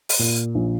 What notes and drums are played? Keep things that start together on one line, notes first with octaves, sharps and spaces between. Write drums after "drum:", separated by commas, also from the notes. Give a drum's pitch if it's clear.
drum: open hi-hat
A#2
A#1